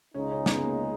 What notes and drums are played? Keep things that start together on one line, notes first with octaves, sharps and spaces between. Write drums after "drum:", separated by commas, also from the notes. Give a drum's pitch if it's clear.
C#2 C#3 G#3 C#4 D#4
C#4
B3, drum: snare
A#3